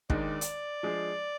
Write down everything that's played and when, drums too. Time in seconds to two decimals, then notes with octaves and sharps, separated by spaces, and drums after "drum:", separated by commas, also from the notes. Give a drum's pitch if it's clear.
0.10 D#2 D#3 G#3 D4 D5, drum: kick
0.41 drum: hi-hat
0.83 F3 G#3 D4 G#4